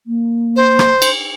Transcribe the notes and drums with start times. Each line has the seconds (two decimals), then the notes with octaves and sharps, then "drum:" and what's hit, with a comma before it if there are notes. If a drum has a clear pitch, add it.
0.07 A#3
0.56 C5
0.79 drum: rim click
1.02 drum: cymbal